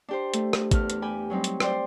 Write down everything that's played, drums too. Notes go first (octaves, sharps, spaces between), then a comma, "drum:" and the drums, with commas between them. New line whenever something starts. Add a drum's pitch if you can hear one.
D4 G4 C5
A3, drum: hi-hat
drum: rim click
E2 A3 F6, drum: kick, hi-hat
drum: hi-hat
G4 G#5 B5
F#3 G3 C4 D#4
drum: hi-hat
C5 D5 G5 C6, drum: rim click